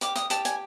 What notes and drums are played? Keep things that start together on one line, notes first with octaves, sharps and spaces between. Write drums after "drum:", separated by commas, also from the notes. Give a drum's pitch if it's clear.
G4 D6, drum: hi-hat
D#6, drum: hi-hat
G4 A5, drum: hi-hat
G#5, drum: hi-hat